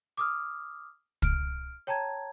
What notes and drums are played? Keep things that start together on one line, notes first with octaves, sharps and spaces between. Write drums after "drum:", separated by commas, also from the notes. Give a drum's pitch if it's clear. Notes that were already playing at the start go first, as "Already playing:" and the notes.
D6 D#6 F6
F6 D7, drum: kick
C#5 G5 A5 A#5 G#6